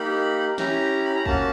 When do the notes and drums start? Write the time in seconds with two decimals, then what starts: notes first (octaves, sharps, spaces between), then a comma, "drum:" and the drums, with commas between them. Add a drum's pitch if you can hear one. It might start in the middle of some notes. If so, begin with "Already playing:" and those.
Already playing: A#3 D#4 G4 B5
0.58 C#4 E4 G4 A#5, drum: snare
1.05 B5
1.16 A#5
1.26 A#3 C#4 F#4 A5, drum: kick